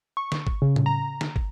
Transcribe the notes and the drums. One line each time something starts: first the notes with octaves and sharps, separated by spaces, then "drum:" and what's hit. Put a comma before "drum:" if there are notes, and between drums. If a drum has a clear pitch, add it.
C#6
drum: snare
drum: kick
C#3
drum: tom A2
A#5
drum: snare
drum: kick